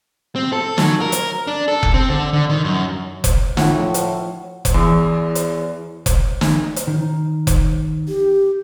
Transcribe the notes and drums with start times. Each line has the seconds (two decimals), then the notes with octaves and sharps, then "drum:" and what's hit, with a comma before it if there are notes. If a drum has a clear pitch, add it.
0.36 C4
0.52 A4
0.78 F#3, drum: snare
1.01 A#4
1.12 drum: hi-hat
1.47 D4
1.68 A4
1.83 drum: kick F1
1.94 C4
2.09 D3
2.33 D3
2.50 D#3
2.64 F#2
3.24 drum: kick F1, hi-hat
3.57 A2 F3 F4 F#4 C#5, drum: snare
3.94 drum: hi-hat
4.65 drum: kick F1, hi-hat
4.74 E2
5.35 drum: hi-hat
6.06 drum: kick F1, hi-hat
6.41 drum: snare
6.76 drum: hi-hat
6.87 D#3
7.47 drum: kick F1, hi-hat
8.09 G4